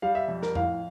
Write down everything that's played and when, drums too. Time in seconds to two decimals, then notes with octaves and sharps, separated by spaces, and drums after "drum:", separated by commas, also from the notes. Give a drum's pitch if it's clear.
0.02 G3 F5
0.15 E5
0.28 F2
0.43 A#4, drum: snare
0.55 A2 F5, drum: tom F2